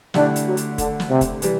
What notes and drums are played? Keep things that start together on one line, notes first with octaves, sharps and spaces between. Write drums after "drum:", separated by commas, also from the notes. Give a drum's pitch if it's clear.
D3 A3 D4 E4 G4, drum: snare
drum: hi-hat
F#3
drum: hi-hat
D3, drum: kick F1, hi-hat
drum: snare
C3
drum: kick F1, hi-hat
E3 G3, drum: hi-hat